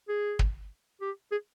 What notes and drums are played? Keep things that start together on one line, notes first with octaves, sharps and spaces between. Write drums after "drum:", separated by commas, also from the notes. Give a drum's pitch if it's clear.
G#4
drum: kick
G4
G#4